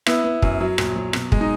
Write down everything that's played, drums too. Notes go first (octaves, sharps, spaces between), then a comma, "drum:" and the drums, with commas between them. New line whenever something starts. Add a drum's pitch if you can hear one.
B3 E4, drum: rim click
B3
F#2, drum: kick
F#3
A#1, drum: rim click
F#3
B2, drum: rim click
G#3, drum: kick
D#4